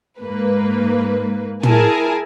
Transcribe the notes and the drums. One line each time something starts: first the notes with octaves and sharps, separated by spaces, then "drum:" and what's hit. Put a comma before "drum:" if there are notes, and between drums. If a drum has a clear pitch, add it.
G#2 A#3 B4
E4 G#4 A#4 G#5 A5, drum: tom